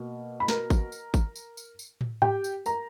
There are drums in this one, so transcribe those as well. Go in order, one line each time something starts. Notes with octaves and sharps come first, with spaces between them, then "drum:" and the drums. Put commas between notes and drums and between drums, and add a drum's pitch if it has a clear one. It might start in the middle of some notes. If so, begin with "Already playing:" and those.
Already playing: B2 A#3
B5
A#4 A#5, drum: snare
drum: kick G#1, tambourine
drum: tambourine
drum: kick G#1, tambourine
drum: tambourine
drum: tambourine
drum: tambourine
drum: tom
G4 G5, drum: tom G#2
drum: tambourine
A#4 A#5, drum: tambourine